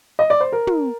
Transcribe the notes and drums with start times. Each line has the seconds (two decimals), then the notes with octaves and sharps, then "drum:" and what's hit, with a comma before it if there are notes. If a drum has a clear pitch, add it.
0.19 D#5
0.30 D5
0.41 C5
0.52 A#4
0.67 drum: tom